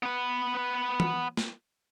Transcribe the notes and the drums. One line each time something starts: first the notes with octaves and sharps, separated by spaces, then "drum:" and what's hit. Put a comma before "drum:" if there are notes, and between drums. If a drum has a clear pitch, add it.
B3 B4
drum: tom E3
drum: snare